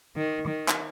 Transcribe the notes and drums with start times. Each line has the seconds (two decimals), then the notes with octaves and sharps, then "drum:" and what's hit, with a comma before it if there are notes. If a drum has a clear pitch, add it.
0.17 D#3
0.48 D#3
0.68 drum: clap